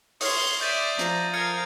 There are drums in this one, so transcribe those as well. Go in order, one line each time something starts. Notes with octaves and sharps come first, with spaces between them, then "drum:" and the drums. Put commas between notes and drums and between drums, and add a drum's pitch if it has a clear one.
C#5 C6 D#6 F6 C7, drum: open hi-hat
D5 E5 G6 A6 D#7
F3 A#5, drum: hi-hat
A#4 F5 F6 G#6 C#7